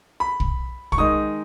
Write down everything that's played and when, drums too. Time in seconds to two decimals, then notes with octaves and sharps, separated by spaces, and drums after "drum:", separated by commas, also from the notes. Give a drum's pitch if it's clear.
0.20 B5
0.40 drum: kick
0.92 C#6, drum: kick
0.98 D#3 G#3 D#4 D#6